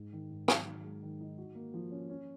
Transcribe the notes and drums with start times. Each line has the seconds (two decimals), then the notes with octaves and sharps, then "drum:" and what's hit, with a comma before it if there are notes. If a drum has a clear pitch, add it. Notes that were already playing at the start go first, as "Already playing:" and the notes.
Already playing: G#2
0.13 D#3
0.30 G#2
0.48 F#3, drum: rim click
0.66 D#3
0.84 G#3
1.02 D#3
1.20 D#4
1.38 F#4
1.55 A#3
1.74 F3
1.91 C#4
2.10 C#4